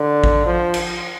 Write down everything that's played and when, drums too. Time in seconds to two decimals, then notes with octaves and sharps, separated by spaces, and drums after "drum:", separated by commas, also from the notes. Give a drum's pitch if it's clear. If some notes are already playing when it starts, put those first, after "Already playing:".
Already playing: D3
0.24 drum: kick A1
0.46 F3
0.74 drum: cymbal